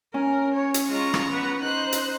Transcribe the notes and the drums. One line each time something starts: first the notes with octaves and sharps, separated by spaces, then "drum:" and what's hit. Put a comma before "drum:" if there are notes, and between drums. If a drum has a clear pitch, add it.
C#4 A#4
C#5
drum: hi-hat
G#3 F4 A#5 C#6
drum: rim click
B3 B4
D#4 C5 F#6
drum: hi-hat